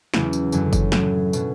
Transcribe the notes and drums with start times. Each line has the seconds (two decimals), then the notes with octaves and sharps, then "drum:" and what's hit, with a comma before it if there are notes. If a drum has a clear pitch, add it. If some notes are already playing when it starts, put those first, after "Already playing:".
0.14 E2 C#3 F#3 E4, drum: snare
0.33 drum: tambourine
0.52 F#2 D3 F#3, drum: tambourine
0.73 drum: kick F#1, tambourine
0.92 A2 F#3, drum: snare
1.33 B2 F#3, drum: tambourine